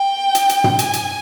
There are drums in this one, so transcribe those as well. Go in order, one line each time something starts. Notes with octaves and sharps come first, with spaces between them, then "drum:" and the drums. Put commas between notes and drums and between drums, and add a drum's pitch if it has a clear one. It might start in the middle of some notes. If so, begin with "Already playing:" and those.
Already playing: G5
drum: hi-hat
drum: hi-hat
drum: tom
G#5, drum: hi-hat
drum: hi-hat